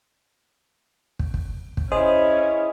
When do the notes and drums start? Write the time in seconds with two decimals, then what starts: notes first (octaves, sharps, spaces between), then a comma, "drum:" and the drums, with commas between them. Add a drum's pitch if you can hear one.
1.19 drum: kick
1.34 drum: kick
1.77 drum: kick
1.92 C#4 E4 G#4 C5 D#5 G#5